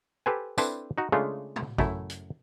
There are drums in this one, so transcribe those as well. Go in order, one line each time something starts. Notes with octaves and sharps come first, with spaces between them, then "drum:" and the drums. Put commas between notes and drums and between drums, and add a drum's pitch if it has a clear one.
G4 A4 B4 C5 G#5
C4 D4 E4 A4 B4 C5, drum: tambourine
D#4 F#4
C#3 G#3 A3 D4 F4
drum: tom A2
F#2 A3 E4, drum: kick
drum: hi-hat